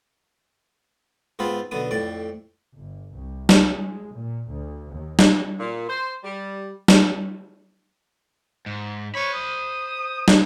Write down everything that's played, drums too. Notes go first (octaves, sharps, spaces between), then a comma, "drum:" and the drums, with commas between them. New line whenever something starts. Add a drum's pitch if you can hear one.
G#2 B3 C4 F4 B5
B1 D3 B3 D#6
F2 A2 D5
G1
C2
drum: snare
G#3
A#2
D2
D#2
drum: snare
A#2
C5
G3
drum: snare
G#2
C5 C#5 B5
D#6
drum: snare